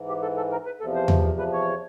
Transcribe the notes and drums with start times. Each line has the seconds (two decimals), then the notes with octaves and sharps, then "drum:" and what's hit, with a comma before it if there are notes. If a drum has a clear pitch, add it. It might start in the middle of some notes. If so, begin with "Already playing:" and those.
Already playing: G#2 E3
0.08 G4
0.22 A4
0.37 A4
0.52 A#4
0.66 B4
0.80 E2 C3 F3 A4
0.95 C5
1.08 drum: tom E2
1.39 B4
1.53 C#5